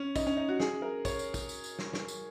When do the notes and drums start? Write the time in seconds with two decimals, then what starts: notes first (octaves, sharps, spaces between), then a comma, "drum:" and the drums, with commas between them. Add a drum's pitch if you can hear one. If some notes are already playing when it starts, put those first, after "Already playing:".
Already playing: C#4
0.16 D#4, drum: kick, tambourine
0.27 C#4
0.37 D#4
0.49 F#4
0.60 G#4, drum: snare
0.82 A#4
1.05 C#5, drum: kick, tambourine
1.19 drum: tambourine
1.34 drum: kick, tambourine
1.49 drum: tambourine
1.64 drum: tambourine
1.79 drum: snare
1.94 drum: snare
2.08 drum: tambourine